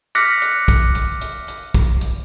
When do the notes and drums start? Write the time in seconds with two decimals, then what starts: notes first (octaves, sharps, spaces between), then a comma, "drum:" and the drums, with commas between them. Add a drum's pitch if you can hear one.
0.15 D6 F6 F#6 A#6 B6 C#7, drum: hi-hat
0.42 drum: hi-hat
0.68 drum: kick, hi-hat
0.95 drum: hi-hat
1.21 drum: hi-hat
1.48 drum: hi-hat
1.74 drum: kick, hi-hat
2.01 drum: hi-hat